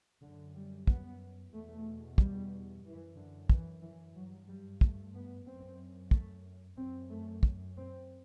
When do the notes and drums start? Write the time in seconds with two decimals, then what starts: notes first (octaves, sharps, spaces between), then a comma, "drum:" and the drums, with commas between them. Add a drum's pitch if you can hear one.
0.22 F#2 D3
0.55 G3
0.87 B3, drum: kick
1.53 E2 B2 A3
2.18 G3, drum: kick
2.84 F#2 E3
3.16 D3
3.50 E3, drum: kick
3.82 E3
4.15 G2 F#3
4.47 G3
4.81 A3, drum: kick
5.14 B3
5.46 F#2 C4
6.11 A3, drum: kick
6.77 F#2 C4
7.10 A3
7.43 drum: kick
7.76 C4